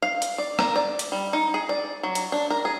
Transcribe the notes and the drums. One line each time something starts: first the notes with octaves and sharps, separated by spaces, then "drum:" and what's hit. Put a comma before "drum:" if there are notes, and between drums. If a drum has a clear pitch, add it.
F5
drum: hi-hat
D5
A#4, drum: rim click
D5
drum: hi-hat
G3
D#4
G#4
D5
F#3
drum: hi-hat
D4
A#4
G#4